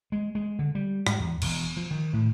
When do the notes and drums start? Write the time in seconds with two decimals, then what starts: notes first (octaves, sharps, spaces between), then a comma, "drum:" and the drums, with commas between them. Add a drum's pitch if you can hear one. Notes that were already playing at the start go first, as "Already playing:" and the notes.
0.12 G#3
0.35 G#3
0.59 D3
0.75 G3
1.07 G#2, drum: rim click
1.20 E2
1.42 E1, drum: cymbal
1.77 F3
1.91 D#3
2.13 A2